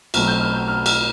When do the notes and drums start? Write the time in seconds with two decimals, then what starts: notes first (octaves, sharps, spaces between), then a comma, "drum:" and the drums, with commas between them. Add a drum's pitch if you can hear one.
0.14 B1 B2 A3 C4 F6, drum: cymbal
0.27 G6
0.41 F6
0.54 G6
0.68 F6
0.86 F6, drum: cymbal